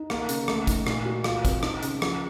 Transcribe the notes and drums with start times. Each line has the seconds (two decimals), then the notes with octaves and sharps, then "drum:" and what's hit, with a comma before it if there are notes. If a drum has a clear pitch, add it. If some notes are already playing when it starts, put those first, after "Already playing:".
Already playing: D#4
0.10 A#3, drum: rim click
0.29 C#3, drum: hi-hat
0.48 A3, drum: rim click
0.67 D#4, drum: kick, hi-hat
0.87 A#2, drum: rim click
1.05 F#4
1.24 F4, drum: rim click
1.45 C4, drum: kick, hi-hat
1.63 D#4, drum: rim click
1.83 C#3, drum: hi-hat
2.02 F3, drum: rim click